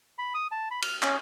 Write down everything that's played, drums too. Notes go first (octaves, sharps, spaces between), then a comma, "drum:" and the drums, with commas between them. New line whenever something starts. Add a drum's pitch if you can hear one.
B5
D#6
A5
B5
F6, drum: cymbal
C#4, drum: clap